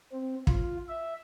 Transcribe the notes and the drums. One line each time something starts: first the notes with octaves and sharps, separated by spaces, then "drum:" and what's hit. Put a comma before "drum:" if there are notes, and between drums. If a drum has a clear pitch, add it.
C4
F4, drum: kick
E5